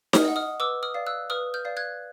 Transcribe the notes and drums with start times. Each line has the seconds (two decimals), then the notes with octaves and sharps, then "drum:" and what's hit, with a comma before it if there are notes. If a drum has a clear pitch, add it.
0.13 D#6 F6, drum: snare D#4
0.25 D#5 F#5
0.36 D#6 F6
0.60 B4 D6 E6
0.83 D#6 F6
0.94 D5 F5
1.07 E6 F#6
1.30 B4 D#6 F6
1.54 F6 G6
1.65 D5 F5
1.77 F#6 G#6